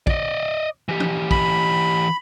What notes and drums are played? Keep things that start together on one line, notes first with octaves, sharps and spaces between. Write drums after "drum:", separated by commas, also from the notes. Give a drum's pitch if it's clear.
D5 D#5, drum: kick
E3 G4
drum: tom
B5, drum: kick